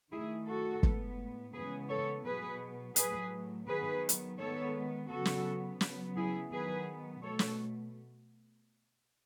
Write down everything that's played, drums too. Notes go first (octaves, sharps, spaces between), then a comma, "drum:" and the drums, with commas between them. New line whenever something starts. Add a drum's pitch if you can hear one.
D#3 A3 E4 G#4
F#4 A4
A2 G#3 B3, drum: kick
C#3 E3 G#3 B3 G#4 B4
A4 C#5
B2 F#3 B3 G#4 B4
A2 F#3 A3 G#4 B4, drum: hi-hat
D#3 F#3 B3 G#4 B4
drum: hi-hat
D#3 G#3 B3 A4 C#5
C#3 F#3 B3 F#4 A4
drum: snare
C#3 F#3 B3, drum: snare
E4 G#4
D#3 F#3 B3 G#4 B4
B2 A3 A4 C#5
drum: snare